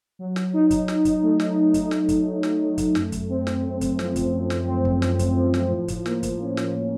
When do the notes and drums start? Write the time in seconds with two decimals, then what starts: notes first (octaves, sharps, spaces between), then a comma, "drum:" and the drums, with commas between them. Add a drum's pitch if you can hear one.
0.19 F#3
0.36 drum: snare
0.53 D#4
0.71 drum: kick, hi-hat
0.88 F#3, drum: snare
1.05 drum: kick, hi-hat
1.22 A3
1.40 drum: snare
1.57 F#3
1.74 drum: kick, hi-hat
1.91 D#4, drum: snare
2.09 drum: kick, hi-hat
2.26 F#3
2.43 drum: snare
2.61 A3
2.78 drum: kick, hi-hat
2.95 F#2, drum: snare
3.12 drum: kick, hi-hat
3.29 C4
3.47 drum: snare
3.63 F#2
3.81 drum: kick, hi-hat
3.99 F3, drum: snare
4.16 drum: kick, hi-hat
4.33 F#2
4.50 drum: snare
4.68 C4
4.85 drum: kick
5.02 F#2, drum: snare
5.19 drum: kick, hi-hat
5.36 F3
5.54 drum: snare
5.71 A2
5.88 drum: kick, hi-hat
6.06 A#3, drum: snare
6.23 drum: kick, hi-hat
6.40 C#4
6.57 drum: snare
6.75 F3